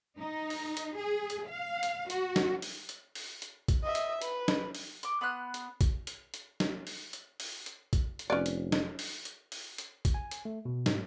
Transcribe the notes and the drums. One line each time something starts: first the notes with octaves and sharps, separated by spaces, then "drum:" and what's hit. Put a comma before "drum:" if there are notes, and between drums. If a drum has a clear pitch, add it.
D#4
drum: open hi-hat
drum: hi-hat
G#4
drum: hi-hat
F5
drum: hi-hat
F#4, drum: hi-hat
drum: snare
drum: open hi-hat
drum: hi-hat
drum: open hi-hat
drum: hi-hat
drum: kick, hi-hat
D#5 E5
drum: hi-hat
B4, drum: hi-hat
drum: snare
drum: open hi-hat
C6 D6, drum: hi-hat
B3 B5 C6 F#6
drum: hi-hat
drum: kick, hi-hat
drum: hi-hat
drum: hi-hat
drum: snare
drum: open hi-hat
drum: hi-hat
drum: open hi-hat
drum: hi-hat
drum: kick, hi-hat
drum: hi-hat
F1 C#4 B4 D5
drum: hi-hat
drum: snare
drum: open hi-hat
drum: hi-hat
drum: open hi-hat
drum: hi-hat
drum: kick, hi-hat
G#5
drum: hi-hat
A3
B2
G#2, drum: snare